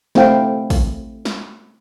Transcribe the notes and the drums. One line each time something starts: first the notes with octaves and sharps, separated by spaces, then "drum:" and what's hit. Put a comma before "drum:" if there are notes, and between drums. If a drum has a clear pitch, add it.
A3 C4 E4 F5 G5, drum: snare
drum: kick, open hi-hat
drum: snare